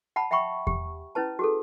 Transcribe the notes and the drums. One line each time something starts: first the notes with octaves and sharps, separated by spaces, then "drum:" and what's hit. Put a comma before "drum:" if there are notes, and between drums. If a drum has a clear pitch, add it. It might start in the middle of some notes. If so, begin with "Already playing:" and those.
F#5 A5 B5
E5 F#5 G5 B5 C#6
G4, drum: kick E2
C#4 E4 B4 A5
F#4 G#4 A4